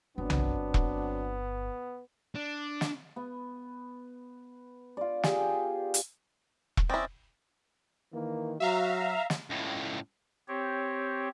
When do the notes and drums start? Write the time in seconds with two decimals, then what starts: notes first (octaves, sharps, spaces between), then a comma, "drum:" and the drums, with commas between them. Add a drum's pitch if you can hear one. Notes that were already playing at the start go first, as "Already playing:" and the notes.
0.18 G1 F#3 B3 C4 D4
0.30 drum: tom B1
0.74 drum: kick E1
2.35 D4
2.81 drum: snare
3.16 B3
4.97 F4 D5
5.23 G4 G#4 G5, drum: snare
5.94 drum: hi-hat
6.77 drum: kick E1
6.90 C4 C#4 E4 D5 D#5
8.12 D#3 E3 A#3
8.60 F#3 F#4 E5 F5 A#5
9.30 drum: snare
9.50 C#2 A2
10.48 C4 G4 C#5